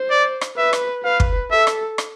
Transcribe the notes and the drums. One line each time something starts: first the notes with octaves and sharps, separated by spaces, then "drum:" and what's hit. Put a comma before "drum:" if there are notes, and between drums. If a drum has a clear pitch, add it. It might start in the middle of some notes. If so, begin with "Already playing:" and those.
Already playing: C5
D5
drum: rim click
B4 E5
drum: rim click
B4 F5
drum: kick
A4 E5
drum: rim click
drum: rim click